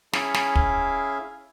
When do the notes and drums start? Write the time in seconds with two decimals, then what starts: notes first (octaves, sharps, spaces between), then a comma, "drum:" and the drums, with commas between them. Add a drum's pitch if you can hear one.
0.13 C#4 E4 G#4 E5 F5, drum: snare
0.34 drum: snare
0.55 drum: kick